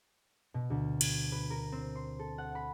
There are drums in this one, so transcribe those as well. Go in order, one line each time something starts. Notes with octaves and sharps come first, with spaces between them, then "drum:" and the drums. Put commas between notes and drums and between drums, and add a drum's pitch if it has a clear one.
B2
D2
G#6, drum: cymbal
B4
A#4
C4
C6
A4
F#5
B5